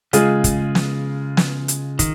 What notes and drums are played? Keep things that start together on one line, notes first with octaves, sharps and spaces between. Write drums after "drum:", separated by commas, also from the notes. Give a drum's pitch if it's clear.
C#3 G#3 F4 G#4, drum: hi-hat
drum: kick, hi-hat
drum: snare
drum: snare
drum: hi-hat
D#3, drum: kick, hi-hat